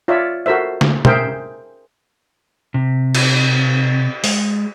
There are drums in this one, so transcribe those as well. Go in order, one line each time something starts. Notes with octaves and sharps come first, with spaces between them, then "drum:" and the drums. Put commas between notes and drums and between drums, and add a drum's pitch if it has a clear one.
F4 C#5 D5 E5
F#4 A4 A#4 C5 E5
drum: snare
G#4 A#4 C5 E5 G5, drum: tom B2
C3
drum: cymbal
G#3, drum: open hi-hat